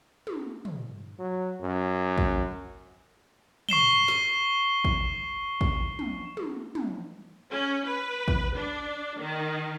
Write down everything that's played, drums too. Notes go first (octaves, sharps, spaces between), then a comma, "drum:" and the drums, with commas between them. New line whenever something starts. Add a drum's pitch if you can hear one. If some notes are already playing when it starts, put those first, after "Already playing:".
drum: tom
drum: tom
F#3
F#2
drum: kick
C#6 C7 E7 G7, drum: tom
drum: snare
drum: kick
drum: kick
drum: tom
drum: tom
drum: tom
C#4
B4
drum: kick
D4
D#3